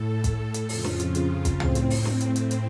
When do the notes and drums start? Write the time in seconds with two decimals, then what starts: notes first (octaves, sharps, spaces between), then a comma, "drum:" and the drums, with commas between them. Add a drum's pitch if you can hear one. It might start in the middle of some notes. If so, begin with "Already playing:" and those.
Already playing: A2 A4
0.24 drum: kick, hi-hat
0.54 drum: hi-hat
0.69 F2 C#3 F4, drum: open hi-hat
0.84 drum: snare
1.00 drum: hi-hat
1.15 drum: hi-hat
1.45 drum: kick, hi-hat
1.60 A2 C4, drum: tom
1.75 drum: hi-hat
1.90 drum: open hi-hat
2.05 C4, drum: snare
2.20 drum: hi-hat
2.36 drum: hi-hat
2.51 drum: hi-hat